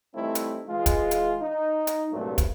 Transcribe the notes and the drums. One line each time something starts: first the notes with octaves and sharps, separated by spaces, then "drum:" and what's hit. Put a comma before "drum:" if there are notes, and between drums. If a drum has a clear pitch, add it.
E3 G3 A3 C4 D#4 E4
drum: hi-hat
E3 G#3 F4
drum: kick, hi-hat
drum: hi-hat
D#4
drum: hi-hat
C2 G2 A#2 F#3 A3
drum: kick, hi-hat